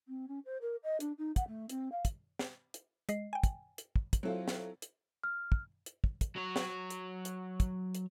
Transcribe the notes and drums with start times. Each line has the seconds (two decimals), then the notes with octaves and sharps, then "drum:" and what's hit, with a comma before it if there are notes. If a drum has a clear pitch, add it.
0.08 C4
0.28 C#4
0.45 C5
0.61 A#4
0.83 D#5
1.00 D4, drum: hi-hat
1.18 D#4
1.36 F#5, drum: kick, hi-hat
1.48 A3
1.69 C4, drum: hi-hat
1.92 F5
2.05 drum: kick, hi-hat
2.39 drum: snare
2.74 drum: hi-hat
3.09 G#3 D#5 C7, drum: hi-hat
3.33 G5 G#5
3.44 drum: kick, hi-hat
3.78 drum: hi-hat
3.96 drum: kick
4.13 drum: kick, hi-hat
4.23 F#3 C4 E4 F4 A4
4.48 drum: snare
4.82 drum: hi-hat
5.24 F6
5.52 drum: kick
5.86 drum: hi-hat
6.04 drum: kick
6.21 drum: kick, hi-hat
6.36 F#3 C#5
6.56 drum: snare
6.90 drum: hi-hat
7.25 drum: hi-hat
7.60 drum: kick, hi-hat
7.95 drum: hi-hat